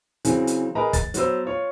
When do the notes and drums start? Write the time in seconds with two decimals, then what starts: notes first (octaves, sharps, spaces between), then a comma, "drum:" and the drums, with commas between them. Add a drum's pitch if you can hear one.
0.25 C#3 E3 F#3 C4, drum: hi-hat
0.47 drum: hi-hat
0.75 G#4 A#4 B4 D#5 A#5
0.93 A6, drum: kick, hi-hat
1.14 F#3 B3 C5 E6, drum: hi-hat
1.45 F4 C#5